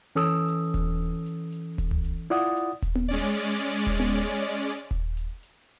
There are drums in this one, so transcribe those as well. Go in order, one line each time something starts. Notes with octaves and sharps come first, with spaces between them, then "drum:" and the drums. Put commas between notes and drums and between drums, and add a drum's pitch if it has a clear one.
E3 C#4 A4 D#6 E6
drum: hi-hat
drum: kick D#1, hi-hat
drum: hi-hat
drum: hi-hat
drum: kick D#1, hi-hat
drum: tom C#2
drum: hi-hat
E4 F4 D5 F#5 D#6
drum: hi-hat
drum: kick D#1, hi-hat
drum: tom B3
G#3 C#4 D5, drum: hi-hat
drum: hi-hat
drum: hi-hat
drum: kick D#1, hi-hat
drum: tom B3
drum: hi-hat
drum: hi-hat
drum: hi-hat
drum: kick D#1, hi-hat
drum: hi-hat
drum: hi-hat